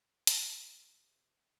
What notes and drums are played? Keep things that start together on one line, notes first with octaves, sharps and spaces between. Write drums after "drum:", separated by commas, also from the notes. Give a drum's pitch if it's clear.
drum: hi-hat
C3 C5